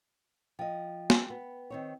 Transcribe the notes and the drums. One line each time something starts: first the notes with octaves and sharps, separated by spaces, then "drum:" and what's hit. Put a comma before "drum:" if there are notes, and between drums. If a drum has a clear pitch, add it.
F3 D#5 G5
drum: snare
B3
D#3 C4 C#5